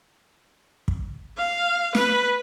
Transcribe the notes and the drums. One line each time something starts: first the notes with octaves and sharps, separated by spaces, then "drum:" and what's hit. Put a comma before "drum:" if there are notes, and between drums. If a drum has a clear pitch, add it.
drum: kick
F5
B4, drum: snare